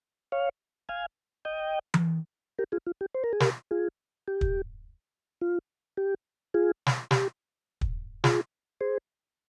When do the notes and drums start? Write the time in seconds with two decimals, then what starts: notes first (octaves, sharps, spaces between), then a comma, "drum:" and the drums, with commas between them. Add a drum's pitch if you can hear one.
0.32 C#5 F5
0.89 F5 G#5
1.45 D#5 G5
1.94 drum: tom E3
2.59 G4 A#4
2.72 F4 G#4
2.87 F4
3.01 G4
3.15 C5
3.24 A#4
3.33 G#4
3.40 G4 A#4, drum: snare
3.71 F4 G#4
4.28 G4
4.41 drum: kick
5.41 F4
5.97 G4
6.54 F4 G#4
6.86 drum: snare
7.11 G4, drum: snare
7.81 drum: kick
8.24 F4 G#4, drum: snare
8.81 G#4 C5